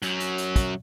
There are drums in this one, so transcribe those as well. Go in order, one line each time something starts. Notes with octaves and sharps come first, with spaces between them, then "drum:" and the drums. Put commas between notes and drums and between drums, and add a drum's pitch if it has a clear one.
F#2 F#3, drum: hi-hat
drum: hi-hat
drum: hi-hat
drum: kick, hi-hat